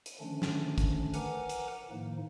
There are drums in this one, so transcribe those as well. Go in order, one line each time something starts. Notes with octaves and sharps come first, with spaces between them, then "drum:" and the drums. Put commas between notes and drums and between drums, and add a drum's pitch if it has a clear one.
drum: hi-hat
D3 D#3 F3 A3 C#4 D4
drum: snare
drum: kick, hi-hat
A#4 B4 F#5 G#5 A#5 D6, drum: hi-hat
drum: hi-hat
A2 D#3 F3 A#3 D#4